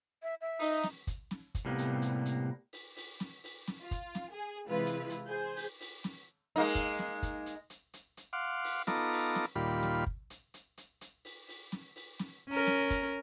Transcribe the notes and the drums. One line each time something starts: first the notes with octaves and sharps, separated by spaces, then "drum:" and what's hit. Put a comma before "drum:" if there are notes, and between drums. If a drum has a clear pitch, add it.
E5
E5
D#4, drum: open hi-hat
drum: snare
drum: kick, hi-hat
drum: snare
drum: kick, hi-hat
A2 C3 G3 A#3 B3
drum: hi-hat
drum: hi-hat
drum: hi-hat
drum: open hi-hat
drum: open hi-hat
drum: snare
drum: open hi-hat
drum: snare
F4
drum: kick, hi-hat
drum: snare
G#4
C3 E3 G#3 E4 F4 B4
drum: hi-hat
drum: hi-hat
G#4 C5 G6
drum: open hi-hat
drum: open hi-hat
drum: snare
G#3 A#3 D#4
drum: kick, hi-hat
drum: snare
drum: kick, hi-hat
drum: hi-hat
drum: hi-hat
drum: hi-hat
drum: hi-hat
F5 F#5 C6 D6
drum: open hi-hat
B3 D#4 F4 A4 A#5 D6, drum: snare
drum: open hi-hat
drum: snare
D#2 A#2 G3 F4 B5
drum: snare
drum: kick
drum: hi-hat
drum: hi-hat
drum: hi-hat
drum: hi-hat
drum: open hi-hat
drum: open hi-hat
drum: snare
drum: open hi-hat
drum: snare
C#4 A#4
drum: snare
drum: kick, hi-hat